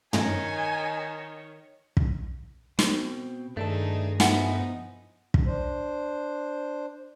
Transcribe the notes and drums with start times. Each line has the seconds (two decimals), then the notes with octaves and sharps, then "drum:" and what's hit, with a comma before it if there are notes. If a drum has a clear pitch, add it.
0.13 D#3 D#4 C#5 G#5, drum: tom
1.97 drum: kick
2.79 B2 C4, drum: snare
3.57 G2 D#3 A3 D4 D#4 G#4 A4
4.20 B2 F3 A3 B3 D#4 E4 F#5 G#5, drum: snare
5.34 drum: kick
5.46 D4 C5